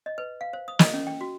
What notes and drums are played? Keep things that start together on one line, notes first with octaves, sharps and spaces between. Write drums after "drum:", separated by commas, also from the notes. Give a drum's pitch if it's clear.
D#5
B4
F5
C5
D#6
D#5, drum: snare
C#4
G5
F#4